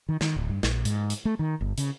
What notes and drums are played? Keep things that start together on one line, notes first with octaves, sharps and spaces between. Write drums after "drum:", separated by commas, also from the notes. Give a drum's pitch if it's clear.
D#3
D#3, drum: snare
D1
G2
A#1, drum: snare
G#2, drum: hi-hat
drum: hi-hat
A3
D#3
G1
C#3, drum: hi-hat